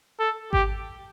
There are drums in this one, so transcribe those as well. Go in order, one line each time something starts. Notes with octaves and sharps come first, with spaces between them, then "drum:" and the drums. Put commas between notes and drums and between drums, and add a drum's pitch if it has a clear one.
A4
G4, drum: kick G#1